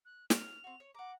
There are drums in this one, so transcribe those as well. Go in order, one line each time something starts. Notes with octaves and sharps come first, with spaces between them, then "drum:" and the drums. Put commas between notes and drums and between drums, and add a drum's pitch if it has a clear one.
F#6
F6 F7, drum: snare
C4 F#4
C#5
F#5 A#5 D6